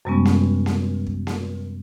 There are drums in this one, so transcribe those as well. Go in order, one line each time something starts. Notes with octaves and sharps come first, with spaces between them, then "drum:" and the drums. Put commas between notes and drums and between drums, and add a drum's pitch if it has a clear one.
F#2 C3 G3 G#3 B3 C#4
drum: snare A#3
drum: snare A#3
drum: kick
drum: snare A#3